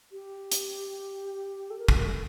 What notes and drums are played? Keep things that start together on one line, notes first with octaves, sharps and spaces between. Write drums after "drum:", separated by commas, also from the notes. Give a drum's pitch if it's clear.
G4
drum: hi-hat
A4
A#4
A4, drum: kick
A#4
A4